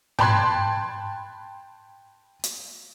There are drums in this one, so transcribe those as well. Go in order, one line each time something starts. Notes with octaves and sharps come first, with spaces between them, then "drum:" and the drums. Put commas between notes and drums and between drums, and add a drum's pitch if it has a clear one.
G5 A5 B5 C6 F#6 G#6, drum: tom G#2
drum: hi-hat